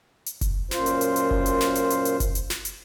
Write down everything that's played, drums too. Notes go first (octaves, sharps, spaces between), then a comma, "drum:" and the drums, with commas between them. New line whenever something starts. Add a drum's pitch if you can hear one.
drum: hi-hat
drum: kick F#1, hi-hat
F#2 A#2 F4 C5, drum: snare
drum: hi-hat
drum: hi-hat
drum: hi-hat
drum: kick F#1
drum: hi-hat
drum: snare
drum: hi-hat
drum: hi-hat
drum: hi-hat
drum: kick F#1, hi-hat
drum: hi-hat
drum: snare
drum: hi-hat